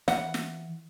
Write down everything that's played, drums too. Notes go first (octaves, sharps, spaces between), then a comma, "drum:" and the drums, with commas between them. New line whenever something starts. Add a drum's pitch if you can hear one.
E3 F#5, drum: snare
drum: snare